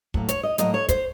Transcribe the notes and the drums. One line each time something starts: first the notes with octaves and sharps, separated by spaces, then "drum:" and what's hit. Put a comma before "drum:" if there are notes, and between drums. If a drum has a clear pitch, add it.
A2 F#3 A#3, drum: kick
C#5, drum: hi-hat
D#5
A2 F#3 A#3 D#5, drum: hi-hat
C#5
C5, drum: kick, hi-hat